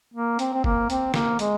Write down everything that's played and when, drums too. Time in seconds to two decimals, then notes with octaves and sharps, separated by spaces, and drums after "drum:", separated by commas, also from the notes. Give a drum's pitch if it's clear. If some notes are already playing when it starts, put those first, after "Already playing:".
0.14 A#3
0.39 C4, drum: hi-hat
0.53 C4
0.64 A#3, drum: kick
0.90 C4, drum: hi-hat
1.14 A#3, drum: snare
1.39 G#3, drum: hi-hat